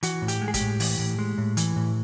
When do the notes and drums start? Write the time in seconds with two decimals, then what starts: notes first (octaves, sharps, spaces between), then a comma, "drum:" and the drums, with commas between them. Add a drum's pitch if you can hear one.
0.03 E3 F#4, drum: hi-hat
0.22 A2
0.28 G4, drum: hi-hat
0.42 G#3
0.48 G#4
0.54 G4, drum: kick, hi-hat
0.61 A2
0.80 E3, drum: open hi-hat
0.99 A2
1.19 G#3
1.38 A2
1.57 E3, drum: hi-hat
1.76 A2